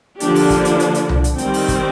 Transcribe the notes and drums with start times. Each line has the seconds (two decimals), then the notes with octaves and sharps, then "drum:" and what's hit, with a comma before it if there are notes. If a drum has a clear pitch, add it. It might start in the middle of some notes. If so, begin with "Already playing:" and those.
0.20 D3 F3 A#3 D4 G4, drum: hi-hat
0.35 drum: open hi-hat
0.50 drum: kick, hi-hat
0.65 drum: hi-hat
0.80 drum: hi-hat
0.94 drum: hi-hat
1.09 drum: tom C2
1.24 drum: hi-hat
1.38 D#3 G3 C4, drum: hi-hat
1.54 drum: open hi-hat
1.68 drum: kick, hi-hat